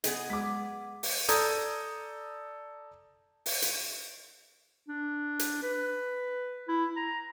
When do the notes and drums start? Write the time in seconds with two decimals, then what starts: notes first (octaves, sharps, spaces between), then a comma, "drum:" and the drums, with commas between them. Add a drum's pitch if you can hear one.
0.04 B3 G#4 D#5, drum: hi-hat
0.30 G#3 D6 B6
1.03 drum: open hi-hat
1.29 A4 D5 A#5 D#6 G6 G#6, drum: hi-hat
3.46 drum: open hi-hat
3.62 drum: hi-hat
4.88 D4
5.39 drum: hi-hat
5.63 B4
6.68 E4
6.96 A#5